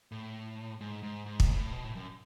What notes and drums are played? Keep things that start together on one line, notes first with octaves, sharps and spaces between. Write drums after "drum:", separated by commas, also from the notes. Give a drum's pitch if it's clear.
A2
G#2
G#2
G#2
drum: kick
A2
B2
A2
F#2